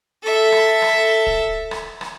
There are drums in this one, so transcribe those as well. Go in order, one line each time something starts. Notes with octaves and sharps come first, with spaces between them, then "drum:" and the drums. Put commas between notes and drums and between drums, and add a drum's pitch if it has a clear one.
A4 E5
drum: rim click
drum: rim click
drum: kick
drum: rim click
drum: rim click